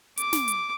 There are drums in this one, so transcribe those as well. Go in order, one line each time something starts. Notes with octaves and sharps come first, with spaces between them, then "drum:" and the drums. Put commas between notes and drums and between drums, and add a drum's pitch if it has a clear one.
D6, drum: hi-hat
drum: snare
drum: hi-hat